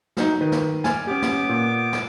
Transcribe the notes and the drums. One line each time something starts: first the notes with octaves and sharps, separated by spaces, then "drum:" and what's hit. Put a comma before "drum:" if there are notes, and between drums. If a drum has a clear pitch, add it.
F#3 D#4, drum: snare
D#3 B4
drum: snare
D5 G#5 F6, drum: snare
B3 C#4 G4 D6
drum: snare
A#2
drum: snare